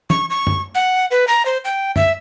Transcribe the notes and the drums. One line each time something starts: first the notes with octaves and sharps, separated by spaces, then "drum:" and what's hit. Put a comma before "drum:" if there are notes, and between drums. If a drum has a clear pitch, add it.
C#6, drum: tom
C#6
drum: tom
F#5
B4
A#5
C5
G5
E5, drum: tom